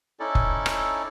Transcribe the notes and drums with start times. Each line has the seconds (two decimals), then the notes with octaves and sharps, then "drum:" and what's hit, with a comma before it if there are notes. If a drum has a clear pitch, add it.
0.20 C#4 D#4 E4 A4 D5
0.35 drum: kick F1
0.66 drum: rim click